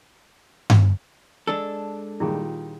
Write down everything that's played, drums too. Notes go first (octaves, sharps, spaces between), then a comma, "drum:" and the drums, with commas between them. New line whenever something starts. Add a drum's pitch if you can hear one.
drum: tom G2
G#3 D4 A4 E6
A#2 D#3 G3 E4 F4 G#4